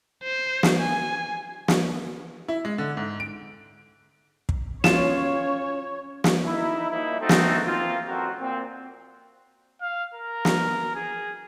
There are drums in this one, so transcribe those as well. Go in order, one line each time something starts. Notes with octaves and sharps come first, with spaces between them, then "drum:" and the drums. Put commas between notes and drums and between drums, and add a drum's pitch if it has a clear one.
C5
drum: snare
G#5
drum: snare
E4
G#3
D3
G#2
D7
drum: kick
C#4 F4 C#5 E7, drum: snare
drum: snare
D#4 E4
F3 G3 A#3 D#4 E4
A3 C4 D#4 F#4 A4
drum: snare
F3 A#3 C4 F4
A1 F2 C4 F#4 A#4
A#2 C4
F5
A#4
drum: snare
G#4